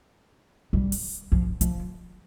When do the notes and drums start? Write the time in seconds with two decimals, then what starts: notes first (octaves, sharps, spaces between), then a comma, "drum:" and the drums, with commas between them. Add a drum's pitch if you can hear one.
0.73 G3
0.92 drum: open hi-hat
1.32 F3
1.61 F3, drum: hi-hat